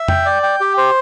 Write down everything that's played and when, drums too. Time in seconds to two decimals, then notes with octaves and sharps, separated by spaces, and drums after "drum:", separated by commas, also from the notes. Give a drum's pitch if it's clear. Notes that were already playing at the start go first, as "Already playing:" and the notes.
Already playing: E5
0.08 G5, drum: tom F2
0.26 D5
0.43 G5
0.60 G4
0.78 C5